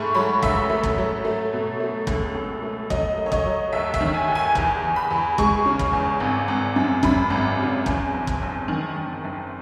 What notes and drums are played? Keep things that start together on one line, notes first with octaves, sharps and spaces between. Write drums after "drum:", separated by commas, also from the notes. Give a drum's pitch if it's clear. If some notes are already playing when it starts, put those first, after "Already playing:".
Already playing: G#2 A3 B5 C#6
F#3 B5
A1 E5, drum: kick
A3
drum: kick
F#3
A3
B2
A3
C#2, drum: kick
C#2
A3
F#3 D#5, drum: kick
A3
C#5
D#5, drum: kick
F#3
D#2 E5
E5, drum: kick
D#3
G#5
D#2
G#5
E2, drum: kick
E2
B5
E2
G#3 C#6, drum: kick
C#3
drum: kick
E2
G#1
G#1
F#2
F#2 B5, drum: kick
G#1
C#3
E2, drum: kick
F#1
drum: kick
F#1
D#3
D#3
F#1